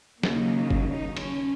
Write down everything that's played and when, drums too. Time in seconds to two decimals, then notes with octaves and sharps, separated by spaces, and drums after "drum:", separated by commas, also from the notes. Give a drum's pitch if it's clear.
0.23 D#2 C#3 F#3 A#3 D#4, drum: snare
0.71 drum: kick F#1
0.86 D#4
1.17 C#4, drum: cymbal